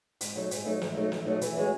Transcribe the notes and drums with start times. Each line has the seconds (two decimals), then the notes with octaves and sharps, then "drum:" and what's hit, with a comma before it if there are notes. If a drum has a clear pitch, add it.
0.21 G#2, drum: hi-hat
0.35 F#3 A3 D#4
0.51 G#2, drum: hi-hat
0.65 F#3 A3 D#4
0.81 G#2, drum: snare
0.95 F#3 A3 D#4
1.12 G#2, drum: snare
1.26 F#3 A3 D#4
1.41 E3, drum: hi-hat
1.56 G#3 C#4 F#4